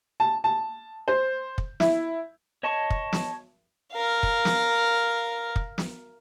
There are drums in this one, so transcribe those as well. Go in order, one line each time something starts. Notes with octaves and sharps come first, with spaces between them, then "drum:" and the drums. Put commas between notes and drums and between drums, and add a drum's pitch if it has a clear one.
A5
A5
C5
drum: kick
E4, drum: snare
C#5 D#5 A5 C#6
drum: kick
drum: snare
A#4 F5
drum: kick
drum: snare
drum: kick
drum: snare